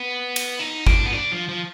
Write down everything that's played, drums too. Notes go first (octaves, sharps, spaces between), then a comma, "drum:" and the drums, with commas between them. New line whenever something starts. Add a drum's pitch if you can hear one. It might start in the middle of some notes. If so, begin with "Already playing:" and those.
Already playing: B3
drum: cymbal
D#4
D4, drum: kick
B3
D4
F3
F3